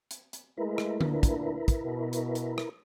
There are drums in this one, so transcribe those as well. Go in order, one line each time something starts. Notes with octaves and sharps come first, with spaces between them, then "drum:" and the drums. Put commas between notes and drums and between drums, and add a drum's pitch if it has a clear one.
drum: hi-hat
drum: hi-hat
G#3 A3 E4 A#4 B4
drum: rim click
D2 A#2 D4, drum: tom D3
drum: kick, hi-hat
drum: kick, hi-hat
B2
drum: hi-hat
drum: hi-hat
drum: rim click